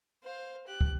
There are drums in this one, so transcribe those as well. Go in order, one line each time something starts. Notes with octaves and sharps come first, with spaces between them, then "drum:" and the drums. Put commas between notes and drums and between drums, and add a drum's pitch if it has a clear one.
C5 F5
G4 F#6
drum: kick